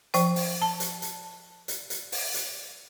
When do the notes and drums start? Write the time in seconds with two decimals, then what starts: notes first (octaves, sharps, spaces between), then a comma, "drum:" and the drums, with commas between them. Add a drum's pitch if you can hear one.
0.14 F3 C5 G5, drum: hi-hat
0.36 drum: open hi-hat
0.62 A5
0.80 drum: hi-hat
1.02 drum: hi-hat
1.68 drum: hi-hat
1.90 drum: hi-hat
2.12 drum: open hi-hat
2.34 drum: hi-hat